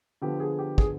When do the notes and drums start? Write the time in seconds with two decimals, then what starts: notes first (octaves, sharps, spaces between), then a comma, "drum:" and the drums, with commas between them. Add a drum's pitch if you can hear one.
0.22 D3 F3 B3 D4 G4
0.40 G#4
0.59 G4
0.78 G#4, drum: kick